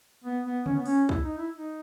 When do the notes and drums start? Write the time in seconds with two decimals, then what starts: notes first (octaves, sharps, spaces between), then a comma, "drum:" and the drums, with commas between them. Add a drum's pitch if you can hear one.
0.24 B3
0.44 B3
0.66 C#4, drum: tom C#3
0.76 B3
0.85 C#4, drum: open hi-hat
1.09 E4, drum: kick
1.24 D#4
1.38 E4
1.53 D#4